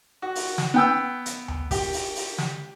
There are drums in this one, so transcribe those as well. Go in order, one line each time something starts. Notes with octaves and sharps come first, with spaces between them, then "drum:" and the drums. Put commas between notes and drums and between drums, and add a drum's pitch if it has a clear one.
F#4
drum: open hi-hat
drum: snare
B3 G5 E6
drum: hi-hat
drum: tom D2
G4, drum: kick, open hi-hat
drum: open hi-hat
drum: open hi-hat
drum: snare